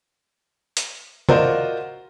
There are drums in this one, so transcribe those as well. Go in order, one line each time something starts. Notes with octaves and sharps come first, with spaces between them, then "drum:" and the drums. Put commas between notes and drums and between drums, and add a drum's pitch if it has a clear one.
drum: hi-hat
F4 F#4 A#4 C5 D5 D#5, drum: tom C3